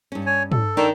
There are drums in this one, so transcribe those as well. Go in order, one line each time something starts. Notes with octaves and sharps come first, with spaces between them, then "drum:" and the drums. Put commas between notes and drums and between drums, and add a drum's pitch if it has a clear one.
G2 C#4
C#5 G#5
A4, drum: tom
D#3 D4 D#4 D5